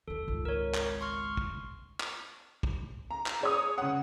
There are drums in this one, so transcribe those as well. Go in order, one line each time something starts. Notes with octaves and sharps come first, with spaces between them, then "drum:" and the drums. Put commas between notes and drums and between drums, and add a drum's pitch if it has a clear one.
D#2 D#3 A4
G#1 C#2
A#4 C#5
drum: clap
C6 C#6 F6
drum: kick
drum: clap
drum: kick
A#5
drum: clap
G#4 C#5 D#6
C#3 F#5